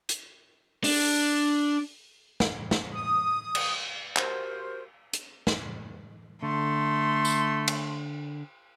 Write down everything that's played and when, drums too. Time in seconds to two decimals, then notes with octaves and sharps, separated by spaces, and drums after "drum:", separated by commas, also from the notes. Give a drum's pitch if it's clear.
0.09 drum: hi-hat
0.84 D4, drum: open hi-hat
2.40 drum: snare
2.71 drum: snare
2.95 D#6
3.55 drum: cymbal
4.16 F#4 G4 A#4 C5, drum: clap
5.13 drum: hi-hat
5.47 drum: snare
6.43 D3 A3 C6
7.25 drum: tambourine
7.68 drum: cymbal